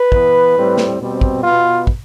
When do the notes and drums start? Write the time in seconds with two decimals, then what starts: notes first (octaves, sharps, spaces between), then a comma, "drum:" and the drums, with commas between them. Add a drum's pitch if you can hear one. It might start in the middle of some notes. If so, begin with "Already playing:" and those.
Already playing: B4
0.12 E3 B3, drum: kick
0.56 A2 G3 C4
0.78 drum: snare
1.00 B2 G3 C4
1.21 drum: kick
1.43 B2 B3 F4
1.87 drum: kick